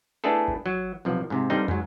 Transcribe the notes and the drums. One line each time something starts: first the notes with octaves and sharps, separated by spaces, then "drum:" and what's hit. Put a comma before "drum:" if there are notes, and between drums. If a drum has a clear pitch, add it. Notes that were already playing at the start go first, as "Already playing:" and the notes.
A3 B3 D4 E4 G#4 A4
drum: kick G1
F#3
B1 C3 F3 F#5
G#2 C3
G2 D3 G3 C4 D#4
G#2 F#3, drum: tom